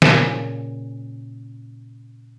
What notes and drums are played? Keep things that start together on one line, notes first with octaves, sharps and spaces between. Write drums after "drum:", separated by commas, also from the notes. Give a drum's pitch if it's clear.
A#2 C#3 G#5, drum: snare